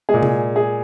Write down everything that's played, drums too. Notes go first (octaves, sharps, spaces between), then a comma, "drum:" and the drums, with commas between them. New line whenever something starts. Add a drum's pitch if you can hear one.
A#2 G#3 G#4
drum: tom C3
G#4